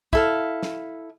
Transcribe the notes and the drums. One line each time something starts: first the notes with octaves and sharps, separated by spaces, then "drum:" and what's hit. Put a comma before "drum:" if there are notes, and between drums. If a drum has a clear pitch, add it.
E4 A4 F5, drum: kick
drum: snare